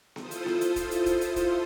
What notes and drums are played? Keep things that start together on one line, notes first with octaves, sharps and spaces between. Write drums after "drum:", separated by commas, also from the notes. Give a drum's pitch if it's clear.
E4 F4 A4 C5 D#6, drum: snare B3
drum: hi-hat
drum: snare B3
drum: hi-hat
drum: kick, hi-hat
drum: hi-hat
drum: kick, hi-hat
drum: hi-hat
drum: kick, hi-hat